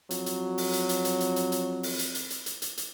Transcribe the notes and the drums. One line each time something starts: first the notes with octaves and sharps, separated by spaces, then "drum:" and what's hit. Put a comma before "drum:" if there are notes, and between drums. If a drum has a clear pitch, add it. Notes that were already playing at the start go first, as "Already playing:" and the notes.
F2 F#3, drum: hi-hat
drum: hi-hat
drum: open hi-hat
drum: hi-hat
drum: hi-hat
drum: hi-hat
drum: hi-hat
drum: hi-hat
drum: hi-hat
drum: open hi-hat
drum: hi-hat
drum: hi-hat
drum: hi-hat
drum: hi-hat
drum: hi-hat
drum: hi-hat